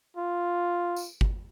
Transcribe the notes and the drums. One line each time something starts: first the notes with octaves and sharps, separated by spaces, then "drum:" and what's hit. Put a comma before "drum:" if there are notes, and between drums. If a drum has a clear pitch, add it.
F4
drum: tambourine
drum: kick G1